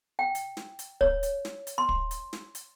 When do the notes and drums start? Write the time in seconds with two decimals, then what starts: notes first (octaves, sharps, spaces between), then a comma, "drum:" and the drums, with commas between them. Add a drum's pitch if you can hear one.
0.19 G5
0.35 drum: hi-hat
0.57 drum: snare
0.79 drum: hi-hat
1.01 C#5, drum: kick
1.23 drum: hi-hat
1.45 drum: snare
1.67 drum: hi-hat
1.78 C6
1.89 drum: kick
2.11 drum: hi-hat
2.33 drum: snare
2.55 drum: hi-hat